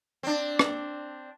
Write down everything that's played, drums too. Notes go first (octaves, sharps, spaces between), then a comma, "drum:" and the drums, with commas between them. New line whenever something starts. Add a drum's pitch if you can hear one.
C4 D4
drum: rim click